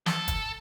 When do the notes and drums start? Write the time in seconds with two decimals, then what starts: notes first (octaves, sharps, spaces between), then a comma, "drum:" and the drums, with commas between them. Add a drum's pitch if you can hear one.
0.06 A4, drum: snare
0.28 drum: kick, hi-hat